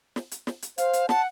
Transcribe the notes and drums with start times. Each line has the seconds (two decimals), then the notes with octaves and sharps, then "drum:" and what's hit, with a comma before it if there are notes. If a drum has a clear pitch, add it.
0.16 drum: snare
0.31 drum: hi-hat
0.47 drum: snare
0.62 drum: hi-hat
0.78 C5 F5, drum: hi-hat
0.93 drum: hi-hat
1.09 F#5 A5, drum: snare